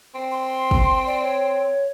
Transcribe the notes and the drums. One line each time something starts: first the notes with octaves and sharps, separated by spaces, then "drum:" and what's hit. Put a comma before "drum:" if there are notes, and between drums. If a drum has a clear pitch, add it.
C4
C6
drum: kick
D5
C#5